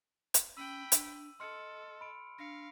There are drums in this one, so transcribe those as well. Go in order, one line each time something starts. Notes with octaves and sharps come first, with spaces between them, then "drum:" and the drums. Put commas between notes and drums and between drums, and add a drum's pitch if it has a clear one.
drum: hi-hat
C#4 G5 B5 E6 D#7 F#7
D4, drum: hi-hat
A4 D#5 C6 F6 C#7
B5 D7
D4 F5 A#6 C#7